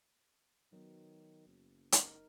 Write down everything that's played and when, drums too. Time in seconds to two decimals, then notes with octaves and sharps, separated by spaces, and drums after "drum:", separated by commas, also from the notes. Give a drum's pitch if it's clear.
0.72 D#3 F#3 B3
1.47 F#1
1.92 D#4 A#4, drum: hi-hat